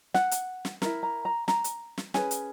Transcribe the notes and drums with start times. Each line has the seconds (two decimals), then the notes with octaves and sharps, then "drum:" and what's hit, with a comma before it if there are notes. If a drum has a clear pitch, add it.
0.14 F#5, drum: snare
0.31 drum: hi-hat
0.65 drum: snare
0.82 E4 A#4, drum: snare
1.03 A#5
1.25 A#5
1.48 A#5, drum: snare
1.64 drum: hi-hat
1.97 drum: snare
2.14 C#4 G#4 B4 G#5, drum: snare
2.31 drum: hi-hat